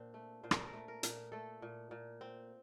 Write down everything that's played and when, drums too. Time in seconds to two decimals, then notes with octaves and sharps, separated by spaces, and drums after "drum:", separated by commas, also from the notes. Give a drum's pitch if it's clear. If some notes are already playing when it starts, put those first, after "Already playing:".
Already playing: A#2 C4 D4
0.14 A3
0.43 A#2 C5
0.51 A#4, drum: rim click
0.59 A4
0.67 A#4
0.73 A3
0.88 A#4
1.03 A#2, drum: hi-hat
1.32 A3 A4
1.62 A#2
1.91 A#2
2.21 C4